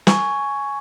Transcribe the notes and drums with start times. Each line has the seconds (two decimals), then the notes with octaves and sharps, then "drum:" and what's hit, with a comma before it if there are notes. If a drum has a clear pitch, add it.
0.07 G#5 C#6 G#6, drum: snare